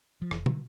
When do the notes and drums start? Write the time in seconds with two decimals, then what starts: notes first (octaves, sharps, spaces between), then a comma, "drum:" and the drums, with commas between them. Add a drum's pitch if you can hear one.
0.22 F3
0.31 F1 E3, drum: rim click
0.46 D3 E3, drum: tom